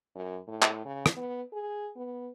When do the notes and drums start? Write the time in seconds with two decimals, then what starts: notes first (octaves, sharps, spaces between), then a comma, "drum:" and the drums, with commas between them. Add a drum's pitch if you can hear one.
0.15 F#2
0.48 A2
0.62 drum: clap
0.85 C#3
1.06 drum: rim click
1.17 B3
1.53 G#4
1.96 B3